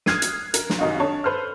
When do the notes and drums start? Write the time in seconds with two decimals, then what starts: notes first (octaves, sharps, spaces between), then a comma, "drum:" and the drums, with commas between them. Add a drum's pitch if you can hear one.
0.06 D#6 F6 F#6 G#6 C7 D#7, drum: snare
0.22 drum: hi-hat
0.54 A#4, drum: hi-hat
0.70 drum: snare
0.79 F#2 C3 D#3 D#4 F#4 F5
1.00 D4 C#5 A5
1.24 A4 B4 C5 A5 F6